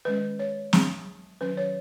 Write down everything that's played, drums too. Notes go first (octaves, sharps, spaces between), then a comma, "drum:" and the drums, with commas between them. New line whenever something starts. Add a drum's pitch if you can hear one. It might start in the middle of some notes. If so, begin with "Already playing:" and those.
D#3 G#3 C#4 B4
C#5
F#3 B3, drum: snare
D#3 F#3 C#4 B4
C#5